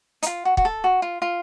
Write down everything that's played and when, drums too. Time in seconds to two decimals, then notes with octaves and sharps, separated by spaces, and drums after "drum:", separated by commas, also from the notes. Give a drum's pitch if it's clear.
0.23 D#4, drum: hi-hat
0.27 F4
0.45 F#4
0.57 F#4, drum: kick
0.65 A4
0.84 F#4
1.02 F4
1.22 F4